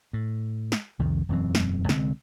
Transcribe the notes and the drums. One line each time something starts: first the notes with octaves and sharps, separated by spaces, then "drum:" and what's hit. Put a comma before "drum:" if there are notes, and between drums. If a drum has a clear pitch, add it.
A2
drum: snare
C2 F2 D#3
E1 F#2 E3 C4
drum: snare
C2 D3 G#3 C4, drum: snare